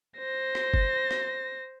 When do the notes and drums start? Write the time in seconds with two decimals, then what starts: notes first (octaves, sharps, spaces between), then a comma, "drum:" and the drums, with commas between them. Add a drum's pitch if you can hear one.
0.18 C5 A#6
0.55 drum: rim click
0.74 drum: kick G1
1.11 drum: rim click